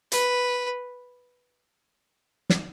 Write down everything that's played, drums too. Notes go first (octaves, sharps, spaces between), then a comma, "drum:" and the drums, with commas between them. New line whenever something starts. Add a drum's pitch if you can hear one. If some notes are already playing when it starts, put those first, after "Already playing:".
B4, drum: hi-hat
drum: snare